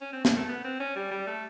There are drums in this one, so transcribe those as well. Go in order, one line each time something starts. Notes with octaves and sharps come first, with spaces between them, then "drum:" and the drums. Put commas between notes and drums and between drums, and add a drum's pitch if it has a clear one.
C#4
C4
A#3, drum: snare
A3
B3
C4
C#4
G3
G3
A3